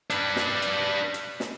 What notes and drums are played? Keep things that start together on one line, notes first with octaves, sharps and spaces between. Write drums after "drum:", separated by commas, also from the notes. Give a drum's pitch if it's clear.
D4 B4, drum: hi-hat
drum: snare
drum: hi-hat
drum: hi-hat
drum: snare